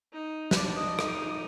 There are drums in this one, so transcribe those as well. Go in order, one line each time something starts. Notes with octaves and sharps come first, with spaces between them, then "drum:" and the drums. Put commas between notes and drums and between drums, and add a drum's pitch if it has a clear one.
D#4
B4, drum: snare
D4 D5
D#5
D#4, drum: rim click